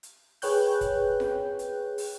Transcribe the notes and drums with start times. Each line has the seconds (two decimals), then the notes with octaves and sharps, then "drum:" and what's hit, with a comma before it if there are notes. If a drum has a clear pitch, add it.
0.03 drum: hi-hat
0.42 G#4 B4 C#5 G5 F#6 G6, drum: open hi-hat
0.81 drum: kick, hi-hat
1.20 drum: snare F4
1.59 drum: hi-hat
1.98 drum: open hi-hat